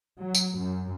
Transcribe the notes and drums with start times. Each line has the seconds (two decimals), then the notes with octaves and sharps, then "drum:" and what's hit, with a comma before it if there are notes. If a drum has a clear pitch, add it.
0.19 F#3
0.35 drum: tambourine
0.57 F#2